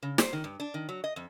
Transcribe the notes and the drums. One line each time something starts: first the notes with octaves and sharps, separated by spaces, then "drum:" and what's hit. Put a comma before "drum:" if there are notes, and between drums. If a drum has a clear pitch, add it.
C#3
C5, drum: snare
D#3
G2
D4
D#3
F#3
D#5
F2